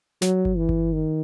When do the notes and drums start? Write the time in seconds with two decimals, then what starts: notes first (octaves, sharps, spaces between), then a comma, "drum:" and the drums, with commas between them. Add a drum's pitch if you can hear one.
0.22 F#3, drum: snare
0.45 drum: kick G1
0.57 E3
0.69 drum: kick G1
0.93 D#3